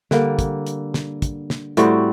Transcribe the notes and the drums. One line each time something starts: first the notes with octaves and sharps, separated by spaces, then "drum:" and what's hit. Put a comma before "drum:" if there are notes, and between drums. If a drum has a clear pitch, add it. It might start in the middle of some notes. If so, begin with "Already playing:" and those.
D3 G3 A#3, drum: snare
drum: kick, hi-hat
drum: hi-hat
drum: snare
drum: kick, hi-hat
drum: snare
A2 G3 C4 F#4, drum: hi-hat